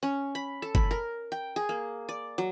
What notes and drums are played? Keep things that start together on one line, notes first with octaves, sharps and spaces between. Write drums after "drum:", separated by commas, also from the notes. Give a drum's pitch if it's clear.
C#4
B5
A4
B5, drum: kick G1
A#4
G5
G#4
A#3
D5
F#3